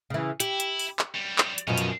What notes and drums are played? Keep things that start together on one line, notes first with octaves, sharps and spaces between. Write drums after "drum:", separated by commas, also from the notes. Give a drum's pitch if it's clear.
C#3 E3
E4 G4, drum: hi-hat
drum: hi-hat
drum: open hi-hat
drum: clap
F#2 G3
drum: clap
drum: hi-hat
F#2 B2 F3 C#4 G#4
drum: hi-hat